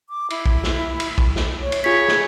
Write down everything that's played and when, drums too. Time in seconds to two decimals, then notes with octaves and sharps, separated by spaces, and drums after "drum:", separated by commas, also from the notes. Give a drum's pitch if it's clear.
0.09 D6
0.30 E4, drum: cymbal
0.46 drum: kick
0.64 drum: snare
1.00 drum: cymbal
1.18 drum: kick
1.36 drum: snare
1.61 C#5
1.72 drum: cymbal
1.84 F4 G#4 C#5 B6
2.08 drum: snare